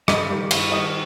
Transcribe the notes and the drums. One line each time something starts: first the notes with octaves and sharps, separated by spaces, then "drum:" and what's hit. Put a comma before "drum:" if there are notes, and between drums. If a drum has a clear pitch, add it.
G2 D#5, drum: rim click
D#3 G3
G2 F5, drum: cymbal
D#3 G3 D#5